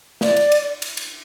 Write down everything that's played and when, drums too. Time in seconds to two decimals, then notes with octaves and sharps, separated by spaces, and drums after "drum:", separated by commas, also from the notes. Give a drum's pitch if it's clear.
0.21 D5, drum: snare
0.37 drum: cymbal
0.52 drum: cymbal
0.82 drum: cymbal
0.97 drum: cymbal